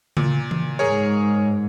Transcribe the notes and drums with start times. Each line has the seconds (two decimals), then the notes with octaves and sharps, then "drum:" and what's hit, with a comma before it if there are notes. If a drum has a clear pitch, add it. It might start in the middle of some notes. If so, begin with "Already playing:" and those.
0.17 A#2, drum: tom C#3
0.51 drum: tom E3
0.79 G#2 G#4 A#4 C#5